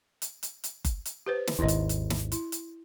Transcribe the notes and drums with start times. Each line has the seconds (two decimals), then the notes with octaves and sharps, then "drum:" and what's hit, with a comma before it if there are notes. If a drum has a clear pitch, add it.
0.22 drum: hi-hat
0.43 drum: hi-hat
0.64 drum: hi-hat
0.85 drum: kick F#1, hi-hat
1.05 drum: hi-hat
1.26 G4 B4 C5
1.47 drum: snare
1.59 G#1 D#2 E4 D#5
1.68 drum: hi-hat
1.89 drum: hi-hat
2.10 drum: snare
2.32 E4, drum: hi-hat
2.52 drum: hi-hat